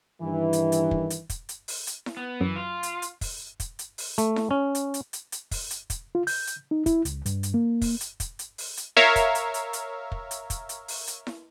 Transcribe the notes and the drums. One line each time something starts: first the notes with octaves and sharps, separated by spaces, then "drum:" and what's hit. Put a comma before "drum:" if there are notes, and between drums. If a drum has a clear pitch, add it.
G2 D#3 E3
drum: hi-hat
drum: hi-hat
drum: kick
drum: hi-hat
drum: kick, hi-hat
drum: hi-hat
drum: open hi-hat
drum: hi-hat
drum: snare E4
B3
F#2 E3
F4
drum: hi-hat
drum: hi-hat
drum: kick, open hi-hat
drum: kick, hi-hat
drum: hi-hat
drum: open hi-hat
A3, drum: hi-hat
drum: snare E4
C#4
drum: hi-hat
drum: hi-hat
drum: hi-hat
drum: hi-hat
drum: kick, open hi-hat
drum: hi-hat
drum: kick, hi-hat
F4
G6, drum: open hi-hat
drum: hi-hat
D#4
E4, drum: kick, hi-hat
C#2, drum: hi-hat
G2, drum: hi-hat
drum: hi-hat
A#3
drum: kick, open hi-hat
drum: hi-hat
drum: kick, hi-hat
drum: hi-hat
drum: open hi-hat
drum: hi-hat
A#4 C#5 E5 F5, drum: snare E4
drum: kick, hi-hat
drum: hi-hat
drum: hi-hat
drum: hi-hat
drum: kick
drum: hi-hat
drum: kick, hi-hat
drum: hi-hat
drum: open hi-hat
drum: hi-hat
drum: snare E4